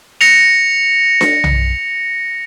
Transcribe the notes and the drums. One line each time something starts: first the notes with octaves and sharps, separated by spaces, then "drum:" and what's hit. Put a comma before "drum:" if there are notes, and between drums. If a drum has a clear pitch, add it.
A#6 C#7 F7
drum: snare D4
drum: tom B1